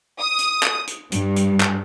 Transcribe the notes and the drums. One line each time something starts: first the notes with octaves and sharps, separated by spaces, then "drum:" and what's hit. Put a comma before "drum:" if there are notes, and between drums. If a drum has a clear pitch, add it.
D#6
drum: hi-hat
drum: clap
drum: hi-hat
G2, drum: hi-hat
drum: hi-hat
drum: clap